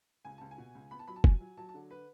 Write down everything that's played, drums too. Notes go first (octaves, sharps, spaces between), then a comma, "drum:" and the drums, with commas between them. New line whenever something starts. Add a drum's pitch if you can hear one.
C#2 G#5
C#2 A5
G#5
B2
C#2
B3 B5
A5
F#3 B5
A5
F#3 G#5, drum: kick
F#3
F#3 A5
A5
D3
B4